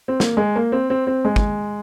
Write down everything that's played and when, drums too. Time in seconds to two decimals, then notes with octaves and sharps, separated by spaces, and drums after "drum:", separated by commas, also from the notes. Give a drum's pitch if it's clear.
0.08 C4
0.20 A#3, drum: snare
0.37 G#3
0.56 A#3
0.72 C4
0.90 C4
1.07 C4
1.25 G#3
1.36 drum: kick